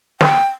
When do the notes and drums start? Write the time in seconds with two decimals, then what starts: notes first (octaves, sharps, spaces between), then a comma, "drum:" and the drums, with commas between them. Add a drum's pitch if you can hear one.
0.21 G5, drum: snare